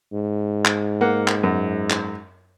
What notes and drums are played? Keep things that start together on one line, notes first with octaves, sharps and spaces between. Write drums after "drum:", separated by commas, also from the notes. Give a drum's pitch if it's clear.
G#2
drum: clap
A#3 F#5
drum: clap
F#2
drum: clap